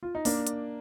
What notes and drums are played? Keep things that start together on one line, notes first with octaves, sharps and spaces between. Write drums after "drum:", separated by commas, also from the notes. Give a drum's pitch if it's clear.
F4
D#4
A#3 D4, drum: open hi-hat
drum: hi-hat